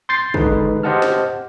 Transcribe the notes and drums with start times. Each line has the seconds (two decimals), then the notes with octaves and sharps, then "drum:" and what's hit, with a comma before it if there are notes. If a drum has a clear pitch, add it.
0.09 C6 G6 A6 C7
0.34 D3 G#3 D#4 G#4 B4, drum: kick
0.83 G4 C5 D#5 F#5 A5 F6
1.02 drum: snare